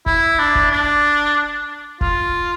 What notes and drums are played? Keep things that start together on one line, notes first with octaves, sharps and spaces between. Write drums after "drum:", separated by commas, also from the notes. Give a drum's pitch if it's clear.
E4, drum: kick F1
D4
drum: kick F1
D4
F4, drum: kick F1